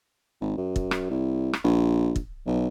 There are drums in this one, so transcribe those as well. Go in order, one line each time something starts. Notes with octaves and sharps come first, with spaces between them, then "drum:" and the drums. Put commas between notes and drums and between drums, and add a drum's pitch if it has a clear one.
G#1
F#2
drum: kick
drum: rim click
C2
drum: rim click
A#1
drum: kick
B1